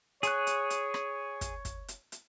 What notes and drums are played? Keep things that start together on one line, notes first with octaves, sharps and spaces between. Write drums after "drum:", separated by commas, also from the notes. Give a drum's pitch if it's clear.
G#4 C#5 C#6 F#6, drum: hi-hat
drum: hi-hat
drum: hi-hat
drum: rim click
drum: kick, hi-hat
drum: kick, hi-hat
drum: hi-hat
drum: hi-hat